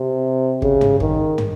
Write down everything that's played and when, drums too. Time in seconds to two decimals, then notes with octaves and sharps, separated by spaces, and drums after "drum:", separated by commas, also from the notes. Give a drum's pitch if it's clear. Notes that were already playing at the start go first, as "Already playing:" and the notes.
Already playing: C3
0.62 C#3, drum: kick
0.81 drum: tom
1.00 D#3, drum: kick
1.38 drum: tom